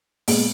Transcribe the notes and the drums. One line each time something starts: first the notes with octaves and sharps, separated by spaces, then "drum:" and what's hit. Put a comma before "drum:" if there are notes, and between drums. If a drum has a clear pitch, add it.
A#2 G#3 B3, drum: open hi-hat